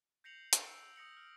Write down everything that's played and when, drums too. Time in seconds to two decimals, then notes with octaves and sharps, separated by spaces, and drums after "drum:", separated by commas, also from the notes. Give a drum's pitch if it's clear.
0.24 G6 A#6 C7 C#7 F7 F#7
0.53 drum: hi-hat
0.63 E6 C#7 D7
0.96 D#6 A#6 C#7 F#7
1.17 F6